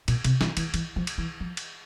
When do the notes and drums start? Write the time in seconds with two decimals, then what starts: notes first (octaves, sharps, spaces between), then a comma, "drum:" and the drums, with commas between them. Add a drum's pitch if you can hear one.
0.08 A#2, drum: cymbal
0.24 C3, drum: cymbal
0.41 E3, drum: snare
0.57 E3, drum: cymbal
0.74 E3, drum: cymbal
0.96 F3
1.07 drum: cymbal
1.18 E3
1.40 F3
1.57 drum: cymbal